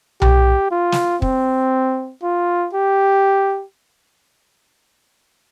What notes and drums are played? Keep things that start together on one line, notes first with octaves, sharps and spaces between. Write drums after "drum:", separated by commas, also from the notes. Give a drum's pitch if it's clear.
G4, drum: tom B1
F4
drum: snare
C4, drum: kick
F4
G4